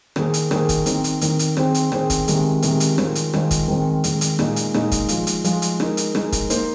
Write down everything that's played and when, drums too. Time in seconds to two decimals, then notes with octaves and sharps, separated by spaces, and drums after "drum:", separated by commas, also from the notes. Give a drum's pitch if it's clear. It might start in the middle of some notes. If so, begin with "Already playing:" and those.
0.16 D#3 A#3 G#4 C5, drum: rim click
0.34 drum: hi-hat
0.51 D#3 A#3 G#4 C5, drum: rim click
0.69 drum: kick, hi-hat
0.86 D#3 C4 D#4, drum: hi-hat
1.04 drum: hi-hat
1.21 D#3 C4 D#4, drum: hi-hat
1.39 drum: hi-hat
1.57 D#3 C4 G#4 C5, drum: rim click
1.74 drum: hi-hat
1.92 D#3 C4 G#4 C5, drum: rim click
2.10 drum: kick, hi-hat
2.28 C3 D#3 G#3, drum: hi-hat
2.62 C3 D#3 G#3, drum: hi-hat
2.80 drum: hi-hat
2.98 D#3 G#3 F4 C5, drum: rim click
3.15 drum: hi-hat
3.33 D#3 G#3 F4 C5, drum: rim click
3.51 drum: kick, hi-hat
3.68 D#3 G#3 C4
4.04 D#3 G#3 C4, drum: hi-hat
4.21 drum: hi-hat
4.39 A#2 G#3 D#4, drum: rim click
4.56 drum: hi-hat
4.74 A#2 G#3 D#4, drum: rim click
4.92 drum: kick, hi-hat
5.09 F3 G#3 F4, drum: hi-hat
5.27 drum: hi-hat
5.44 F3 G#3 F4, drum: hi-hat
5.62 drum: hi-hat
5.80 G#3 D#4 A#4, drum: rim click
5.97 drum: hi-hat
6.15 G#3 D#4 A#4, drum: rim click
6.32 drum: kick, hi-hat
6.50 A#3 D#4 C5, drum: hi-hat